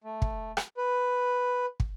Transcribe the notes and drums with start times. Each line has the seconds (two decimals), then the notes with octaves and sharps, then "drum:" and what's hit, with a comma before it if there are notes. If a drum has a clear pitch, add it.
0.04 A3
0.22 drum: kick
0.57 drum: rim click
0.77 B4
1.80 drum: kick